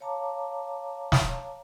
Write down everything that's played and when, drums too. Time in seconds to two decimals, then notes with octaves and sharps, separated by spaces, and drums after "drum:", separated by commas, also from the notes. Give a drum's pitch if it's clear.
0.01 C#5 F5 A5 A#5 D6
1.12 drum: snare